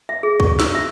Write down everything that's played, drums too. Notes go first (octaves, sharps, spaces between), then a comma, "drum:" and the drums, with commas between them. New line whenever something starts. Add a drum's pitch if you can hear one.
E5
G#4
C#6, drum: kick
E6, drum: snare
E5